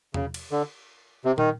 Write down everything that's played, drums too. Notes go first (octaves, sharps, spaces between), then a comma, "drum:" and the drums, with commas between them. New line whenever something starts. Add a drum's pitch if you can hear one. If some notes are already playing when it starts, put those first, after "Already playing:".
C#3, drum: tom E2
drum: cymbal
D3
C3
D#3, drum: tom